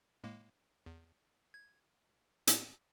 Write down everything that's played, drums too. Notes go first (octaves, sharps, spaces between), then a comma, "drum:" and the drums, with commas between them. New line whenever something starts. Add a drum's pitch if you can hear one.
A2 G#3 A#3
E2
G#6
A2, drum: hi-hat